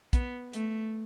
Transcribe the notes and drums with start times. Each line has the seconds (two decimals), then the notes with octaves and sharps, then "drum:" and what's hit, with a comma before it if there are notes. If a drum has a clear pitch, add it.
0.13 B3, drum: kick, hi-hat
0.53 A3, drum: hi-hat